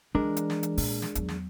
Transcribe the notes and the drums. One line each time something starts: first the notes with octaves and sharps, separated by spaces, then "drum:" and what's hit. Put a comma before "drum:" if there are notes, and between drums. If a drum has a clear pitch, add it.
E3 G#3 D4 A#4
drum: hi-hat
drum: snare
drum: hi-hat
A#2, drum: open hi-hat
drum: snare
E2 F#3, drum: hi-hat
drum: snare